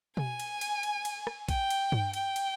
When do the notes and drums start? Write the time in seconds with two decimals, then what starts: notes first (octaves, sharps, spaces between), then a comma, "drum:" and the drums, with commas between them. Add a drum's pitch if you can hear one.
0.17 G#5, drum: tom B2
0.40 drum: cymbal
0.61 drum: cymbal
0.83 drum: cymbal
1.05 drum: cymbal
1.27 drum: rim click
1.49 G5, drum: kick, cymbal
1.70 drum: cymbal
1.92 drum: tom G2
2.13 G5, drum: cymbal
2.36 drum: cymbal